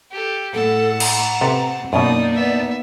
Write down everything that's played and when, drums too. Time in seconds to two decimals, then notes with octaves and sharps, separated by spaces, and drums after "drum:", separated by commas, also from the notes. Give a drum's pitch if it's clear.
0.11 G4 A4
0.54 A2 A4 F#5 A5
1.00 A#5, drum: cymbal
1.41 C3 C4 A4 B4
1.93 F#2 B2 A#3 D4 D#4 D5 D#6
2.33 B3 E5